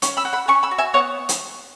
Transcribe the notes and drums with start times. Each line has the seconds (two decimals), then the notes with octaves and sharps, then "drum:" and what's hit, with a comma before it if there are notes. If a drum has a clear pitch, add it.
0.02 C#4, drum: hi-hat
0.17 B5 E6
0.25 F#4
0.33 F#5 B5
0.48 C#4 G#5 C#6
0.63 B5 E6
0.71 F#4
0.78 E5 G#5
0.94 B3 C#5 F#5
1.29 drum: hi-hat